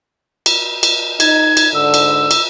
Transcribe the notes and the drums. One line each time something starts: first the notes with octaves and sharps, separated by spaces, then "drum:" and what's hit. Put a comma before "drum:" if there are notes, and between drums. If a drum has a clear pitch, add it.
drum: cymbal
drum: cymbal
D#4 G#6, drum: cymbal
drum: cymbal
G#2 D3 E6
drum: cymbal
drum: cymbal